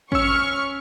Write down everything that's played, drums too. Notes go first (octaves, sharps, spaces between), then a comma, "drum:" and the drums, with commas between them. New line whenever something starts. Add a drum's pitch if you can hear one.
C#4 C#6 E6 F6, drum: kick A1